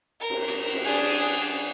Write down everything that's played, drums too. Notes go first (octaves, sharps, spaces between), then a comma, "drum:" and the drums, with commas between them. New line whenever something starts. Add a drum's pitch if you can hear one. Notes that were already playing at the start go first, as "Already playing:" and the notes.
A#4
drum: cymbal
drum: hi-hat
drum: cymbal
D4 G#4